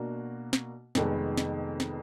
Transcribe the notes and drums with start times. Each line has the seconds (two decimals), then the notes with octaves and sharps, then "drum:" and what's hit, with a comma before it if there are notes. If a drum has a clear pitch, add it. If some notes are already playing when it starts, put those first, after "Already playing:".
Already playing: B2 A#3 D4 F#4
0.53 drum: snare
0.95 F1 F2 D#3 G#3 B3, drum: snare
1.38 drum: snare
1.80 drum: snare